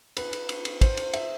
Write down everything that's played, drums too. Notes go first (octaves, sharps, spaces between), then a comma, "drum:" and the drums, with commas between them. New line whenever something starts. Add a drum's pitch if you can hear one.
B4, drum: cymbal
drum: cymbal
drum: cymbal
drum: cymbal
C5, drum: kick, cymbal
drum: cymbal
E5, drum: cymbal